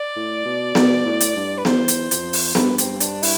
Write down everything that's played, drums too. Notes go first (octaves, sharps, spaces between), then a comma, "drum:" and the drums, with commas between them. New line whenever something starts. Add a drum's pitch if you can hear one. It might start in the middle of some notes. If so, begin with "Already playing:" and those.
Already playing: D5
A2
B2
B2, drum: snare B3
A2
drum: hi-hat
G2
B4
E2 C5, drum: snare B3
drum: hi-hat
F2, drum: hi-hat
drum: open hi-hat
G2 B4, drum: snare B3
C4, drum: hi-hat
D4, drum: hi-hat
E4, drum: open hi-hat